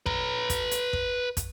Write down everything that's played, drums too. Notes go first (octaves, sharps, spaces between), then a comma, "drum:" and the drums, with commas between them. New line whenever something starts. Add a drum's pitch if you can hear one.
B4 A#5, drum: kick
drum: kick, hi-hat
drum: hi-hat
drum: kick
drum: kick, hi-hat